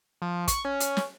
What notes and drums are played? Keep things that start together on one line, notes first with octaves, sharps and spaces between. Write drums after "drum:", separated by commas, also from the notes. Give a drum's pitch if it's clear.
F3
C#6, drum: kick, hi-hat
C#4
drum: hi-hat
drum: snare